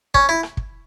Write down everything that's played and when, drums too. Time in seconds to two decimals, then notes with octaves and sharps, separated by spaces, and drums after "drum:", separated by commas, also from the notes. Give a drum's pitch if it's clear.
0.14 C#4, drum: kick
0.29 E4
0.43 drum: rim click
0.57 drum: kick